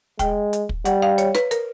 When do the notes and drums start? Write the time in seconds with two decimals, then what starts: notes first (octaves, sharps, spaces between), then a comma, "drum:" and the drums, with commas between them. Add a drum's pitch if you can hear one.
0.19 G#3 G5, drum: kick, hi-hat
0.53 drum: hi-hat
0.69 drum: kick
0.85 G3 F#5, drum: hi-hat
1.02 F5
1.18 C#5, drum: hi-hat
1.35 B4, drum: snare
1.51 A#4, drum: hi-hat